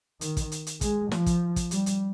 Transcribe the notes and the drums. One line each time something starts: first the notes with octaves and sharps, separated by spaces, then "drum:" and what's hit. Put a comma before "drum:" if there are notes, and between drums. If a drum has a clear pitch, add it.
D#3, drum: hi-hat
drum: kick, hi-hat
drum: hi-hat
drum: hi-hat
G#3, drum: kick, hi-hat
F3, drum: snare
drum: kick, hi-hat
drum: kick, hi-hat
G3, drum: hi-hat
drum: hi-hat